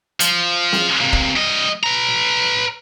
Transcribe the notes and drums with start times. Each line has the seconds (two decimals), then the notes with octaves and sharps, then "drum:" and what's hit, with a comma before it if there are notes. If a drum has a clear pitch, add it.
0.20 F3, drum: hi-hat
0.73 drum: snare
1.01 C3 A#3
1.13 drum: kick
1.36 G3 D#5
1.83 B4 A#5